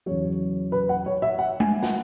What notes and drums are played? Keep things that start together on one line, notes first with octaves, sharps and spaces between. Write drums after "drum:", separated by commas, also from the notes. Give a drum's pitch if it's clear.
E2 C#3 F#3 C#5
B4
F#5
C#5
E5
F#5
G#5, drum: tom G#3
F#5, drum: snare